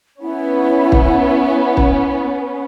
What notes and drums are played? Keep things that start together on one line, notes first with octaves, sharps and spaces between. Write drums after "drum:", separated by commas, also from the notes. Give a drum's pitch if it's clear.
B3 C#4 E4
drum: kick
drum: kick